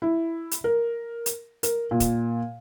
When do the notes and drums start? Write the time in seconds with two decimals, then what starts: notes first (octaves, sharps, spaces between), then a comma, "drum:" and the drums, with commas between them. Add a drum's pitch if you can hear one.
0.02 E4
0.51 drum: hi-hat
0.64 A#4
1.26 drum: hi-hat
1.63 A#4, drum: hi-hat
1.91 A#2
2.00 drum: kick, hi-hat